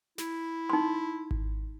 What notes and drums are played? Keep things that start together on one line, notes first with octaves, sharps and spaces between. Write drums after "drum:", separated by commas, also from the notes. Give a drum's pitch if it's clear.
E4, drum: snare
D#4 C6
drum: kick G#1